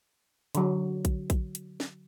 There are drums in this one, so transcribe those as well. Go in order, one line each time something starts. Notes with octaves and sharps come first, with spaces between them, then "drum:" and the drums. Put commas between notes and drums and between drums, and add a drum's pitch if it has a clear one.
D3 F#3, drum: hi-hat
drum: kick A#1, hi-hat
drum: kick A#1, hi-hat
drum: hi-hat
drum: snare